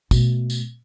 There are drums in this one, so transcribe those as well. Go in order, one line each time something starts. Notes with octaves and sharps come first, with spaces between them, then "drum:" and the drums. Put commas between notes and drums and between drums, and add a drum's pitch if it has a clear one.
B2 A3, drum: kick, tambourine
drum: tambourine